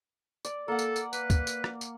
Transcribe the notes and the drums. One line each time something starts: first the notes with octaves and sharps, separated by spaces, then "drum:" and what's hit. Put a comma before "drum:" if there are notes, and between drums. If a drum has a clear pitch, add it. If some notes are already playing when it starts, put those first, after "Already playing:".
D5, drum: tambourine
A#3 A4 F#5
drum: tambourine
drum: tambourine
B4, drum: tambourine
drum: kick, tambourine
drum: tambourine
drum: rim click
drum: tambourine